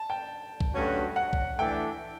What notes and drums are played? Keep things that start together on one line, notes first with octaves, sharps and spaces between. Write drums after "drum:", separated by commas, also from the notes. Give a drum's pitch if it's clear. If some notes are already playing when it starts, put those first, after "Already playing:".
Already playing: A5
G5
drum: kick B1
G2 F#3 A3 C#4 F#4
F#5
drum: kick B1
E3 A3 D4 G5